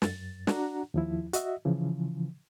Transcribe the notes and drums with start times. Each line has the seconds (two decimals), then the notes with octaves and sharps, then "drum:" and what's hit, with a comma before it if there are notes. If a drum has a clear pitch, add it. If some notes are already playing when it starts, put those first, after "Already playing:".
0.02 F#2 A6, drum: snare
0.47 D4 F#4 F#5 A#5, drum: snare
0.94 D#2 F3 E4
1.33 F#4 D#5 E5, drum: hi-hat
1.65 C#3 E3 F3